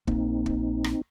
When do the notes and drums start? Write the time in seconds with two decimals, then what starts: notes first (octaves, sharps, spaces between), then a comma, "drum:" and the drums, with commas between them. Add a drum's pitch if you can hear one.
0.07 A#1 A#3 C4 D#4, drum: kick
0.46 drum: kick
0.84 drum: rim click